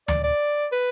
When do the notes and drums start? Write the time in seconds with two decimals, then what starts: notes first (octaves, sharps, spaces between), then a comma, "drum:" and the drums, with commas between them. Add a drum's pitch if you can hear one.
0.08 D5, drum: tom D2
0.24 D5
0.72 B4